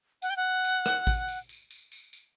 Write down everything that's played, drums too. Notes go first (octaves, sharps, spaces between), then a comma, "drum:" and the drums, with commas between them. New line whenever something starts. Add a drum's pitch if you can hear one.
F#5, drum: tambourine
G5
F#5
drum: tambourine
drum: rim click
drum: kick A1, tambourine
drum: tambourine
drum: tambourine
drum: tambourine
drum: tambourine
drum: tambourine